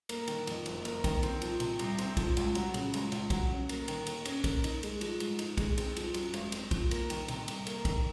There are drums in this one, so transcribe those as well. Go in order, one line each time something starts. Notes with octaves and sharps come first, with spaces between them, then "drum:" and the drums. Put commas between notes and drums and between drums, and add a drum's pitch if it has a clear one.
A#3, drum: cymbal
D#3, drum: cymbal
F2, drum: cymbal
F#1, drum: cymbal
A#3, drum: cymbal
D#3, drum: kick B1, cymbal
C4, drum: cymbal
F3, drum: cymbal
C3, drum: cymbal
C2, drum: cymbal
C4, drum: cymbal
F3, drum: kick B1, cymbal
C#2, drum: cymbal
F#3, drum: cymbal
C#3, drum: cymbal
C#2, drum: cymbal
C#2, drum: cymbal
F#3, drum: kick B1, cymbal
C#4
A#3, drum: cymbal
D#3, drum: cymbal
D#2, drum: cymbal
C#4, drum: cymbal
A#3, drum: kick B1, cymbal
D#4, drum: cymbal
G#3, drum: cymbal
F3, drum: cymbal
G#2, drum: cymbal
D#4, drum: cymbal
G#3, drum: kick B1, cymbal
C4, drum: cymbal
F3, drum: cymbal
F#2, drum: cymbal
G#1, drum: cymbal
C4, drum: cymbal
F3, drum: kick B1, cymbal
A#3, drum: cymbal
D#3, drum: cymbal
C3, drum: cymbal
C2, drum: cymbal
A#3, drum: cymbal
D#3, drum: kick B1, cymbal